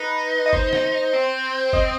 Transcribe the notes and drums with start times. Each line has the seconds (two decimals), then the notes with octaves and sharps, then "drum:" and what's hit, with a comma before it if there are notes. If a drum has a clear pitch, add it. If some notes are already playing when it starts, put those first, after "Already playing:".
Already playing: D#4 B4
0.46 D#5
0.53 C5, drum: kick
0.73 drum: snare
1.13 C4
1.73 D#5, drum: kick